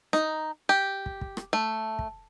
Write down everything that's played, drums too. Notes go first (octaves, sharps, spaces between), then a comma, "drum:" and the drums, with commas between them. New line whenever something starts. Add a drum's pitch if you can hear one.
D#4, drum: rim click
G4
drum: kick
drum: kick
drum: rim click
A3
drum: kick